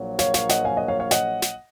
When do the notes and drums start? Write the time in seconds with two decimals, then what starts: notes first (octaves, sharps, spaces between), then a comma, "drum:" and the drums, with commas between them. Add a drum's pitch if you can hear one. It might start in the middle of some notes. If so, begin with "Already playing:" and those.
Already playing: A#1 A#2 F#3 A#3
0.19 C#5 F5, drum: snare
0.34 C#5 F5, drum: snare
0.49 D#5 F#5, drum: snare
0.65 F5 G#5
0.77 D#5 F#5
0.88 C#5 F5
1.00 C#5 F5
1.11 D#5 F#5, drum: snare
1.42 drum: snare